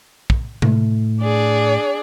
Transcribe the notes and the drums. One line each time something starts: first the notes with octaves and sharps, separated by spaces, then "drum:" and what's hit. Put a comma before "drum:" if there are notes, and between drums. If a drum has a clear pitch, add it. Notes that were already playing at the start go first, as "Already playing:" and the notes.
drum: kick
A2, drum: tom C3
D4 G#4 D5